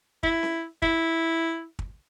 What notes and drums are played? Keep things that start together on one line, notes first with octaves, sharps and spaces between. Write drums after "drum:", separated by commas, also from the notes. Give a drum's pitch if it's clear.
E4, drum: kick
drum: snare C#4
E4, drum: kick
drum: kick